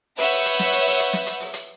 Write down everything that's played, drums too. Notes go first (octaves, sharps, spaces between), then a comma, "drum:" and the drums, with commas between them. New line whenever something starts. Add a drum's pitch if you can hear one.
B4 C#5 E5 F#5 G6, drum: hi-hat
drum: open hi-hat
drum: hi-hat
drum: snare
drum: hi-hat
drum: open hi-hat
drum: hi-hat
drum: snare
drum: hi-hat
drum: open hi-hat
drum: hi-hat